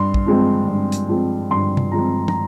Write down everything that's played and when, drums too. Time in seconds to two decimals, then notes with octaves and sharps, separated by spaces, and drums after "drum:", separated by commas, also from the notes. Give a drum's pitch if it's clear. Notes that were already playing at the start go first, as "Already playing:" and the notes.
Already playing: G2 C6
0.14 drum: kick
0.26 F3 G#3 C4
0.68 G2
0.92 drum: hi-hat
1.09 F3 G#3 C4
1.51 G2 C6
1.77 drum: tom
1.92 F3 G#3 C4 A#5
2.28 A#5, drum: tom